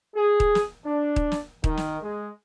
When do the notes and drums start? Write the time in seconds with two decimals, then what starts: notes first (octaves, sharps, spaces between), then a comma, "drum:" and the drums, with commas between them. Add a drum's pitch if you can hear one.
0.16 G#4
0.40 drum: kick D#1
0.55 drum: snare
0.86 D4
1.16 drum: kick D#1
1.32 drum: snare
1.64 D#3, drum: kick D#1
1.77 drum: snare
2.02 G#3